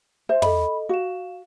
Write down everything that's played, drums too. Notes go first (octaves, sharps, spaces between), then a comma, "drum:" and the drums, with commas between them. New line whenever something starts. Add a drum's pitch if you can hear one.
C5 E5
A4 D#5 B5, drum: tom
F#4 F5 E7